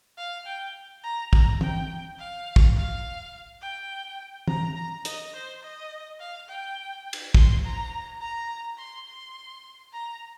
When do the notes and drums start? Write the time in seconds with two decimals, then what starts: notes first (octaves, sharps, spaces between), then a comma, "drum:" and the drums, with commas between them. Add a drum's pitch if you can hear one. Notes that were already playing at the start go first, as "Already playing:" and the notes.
0.17 F5
0.46 G5
1.04 A#5
1.33 A#5, drum: kick
1.61 G5, drum: tom
2.19 F5
2.56 drum: kick
2.76 F5
3.62 G5
4.48 A#5, drum: tom
4.76 A#5
5.05 D#5, drum: hi-hat
5.34 C5
5.62 D#5
6.20 F5
6.48 G5
7.13 drum: cymbal
7.34 C6, drum: kick
7.64 A#5
8.21 A#5
8.78 C6
9.06 C6
9.93 A#5